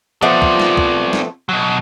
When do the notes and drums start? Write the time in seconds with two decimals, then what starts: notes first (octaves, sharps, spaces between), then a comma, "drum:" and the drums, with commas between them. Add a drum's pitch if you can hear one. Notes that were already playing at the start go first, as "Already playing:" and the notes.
0.22 F3 A3 B3 C4 D5
0.42 drum: kick
0.60 drum: snare
0.77 drum: kick
1.13 drum: snare
1.49 B2 F#3